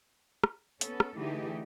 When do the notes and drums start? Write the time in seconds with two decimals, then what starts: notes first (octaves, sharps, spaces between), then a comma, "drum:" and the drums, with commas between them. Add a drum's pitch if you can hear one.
0.44 drum: rim click
0.81 B3 C#4 A4, drum: hi-hat
1.00 drum: rim click
1.16 D3 E3 A3 D#4 G4 G#4